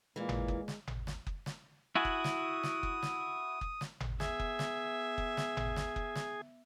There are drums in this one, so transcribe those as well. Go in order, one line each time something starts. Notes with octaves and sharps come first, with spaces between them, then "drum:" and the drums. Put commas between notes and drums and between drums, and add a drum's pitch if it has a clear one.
A#2 E3 G#3 A#3
drum: tom G#1
drum: kick F#1
drum: snare
drum: tom G#1
drum: snare
drum: kick F#1
drum: snare
E4 F#4 G#5 D#6
drum: kick F#1
drum: snare
drum: snare
drum: kick F#1
drum: snare
drum: kick F#1
drum: snare
drum: tom G#1
B3 G#4 E5, drum: snare
drum: kick F#1
drum: snare
drum: kick F#1
drum: snare
drum: tom G#1
drum: snare
drum: kick F#1
drum: snare